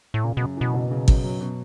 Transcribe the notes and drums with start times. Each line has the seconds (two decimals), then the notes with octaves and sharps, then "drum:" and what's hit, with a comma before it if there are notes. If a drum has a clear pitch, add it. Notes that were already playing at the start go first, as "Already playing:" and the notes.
0.14 A2
0.24 A#2 C#3
0.37 B2
0.41 F#2
0.57 B2 E3
0.74 F#1
0.91 C#3
1.08 F#2, drum: kick G#1
1.24 F#3
1.41 B2